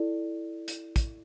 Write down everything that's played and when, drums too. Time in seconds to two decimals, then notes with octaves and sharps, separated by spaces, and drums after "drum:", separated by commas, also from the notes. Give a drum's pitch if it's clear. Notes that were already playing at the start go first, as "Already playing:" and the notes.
Already playing: E4 A4 D5
0.68 drum: hi-hat
0.96 drum: kick, hi-hat